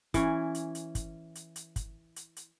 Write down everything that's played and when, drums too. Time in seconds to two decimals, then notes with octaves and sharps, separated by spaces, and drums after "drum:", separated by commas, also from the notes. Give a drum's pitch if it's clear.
0.14 E3 C#4, drum: kick, hi-hat
0.55 drum: hi-hat
0.75 drum: hi-hat
0.95 drum: kick, hi-hat
1.35 drum: hi-hat
1.56 drum: hi-hat
1.76 drum: kick, hi-hat
2.16 drum: hi-hat
2.37 drum: hi-hat